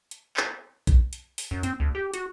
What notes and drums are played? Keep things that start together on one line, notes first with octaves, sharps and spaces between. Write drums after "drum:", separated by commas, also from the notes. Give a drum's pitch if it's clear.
drum: hi-hat
drum: clap
drum: kick A#1, hi-hat
drum: hi-hat
drum: open hi-hat
F#2
C4, drum: hi-hat
D2
G4
F#4, drum: hi-hat